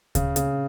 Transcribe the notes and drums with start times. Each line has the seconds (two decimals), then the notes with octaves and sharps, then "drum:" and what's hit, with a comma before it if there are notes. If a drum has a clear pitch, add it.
0.15 C#3, drum: kick D2, hi-hat
0.36 C#3, drum: hi-hat